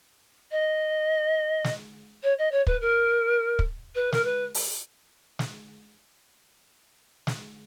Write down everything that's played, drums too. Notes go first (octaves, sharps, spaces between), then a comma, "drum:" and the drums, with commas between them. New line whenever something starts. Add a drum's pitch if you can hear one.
D#5
drum: snare
C#5
D#5
C#5
B4, drum: kick
A#4
drum: kick
B4
A#4, drum: snare
B4
drum: open hi-hat
drum: snare
drum: snare